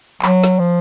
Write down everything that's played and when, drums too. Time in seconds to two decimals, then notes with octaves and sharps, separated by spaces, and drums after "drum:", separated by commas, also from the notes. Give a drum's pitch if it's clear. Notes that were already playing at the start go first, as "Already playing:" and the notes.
0.22 F#3, drum: clap
0.44 drum: snare
0.59 F3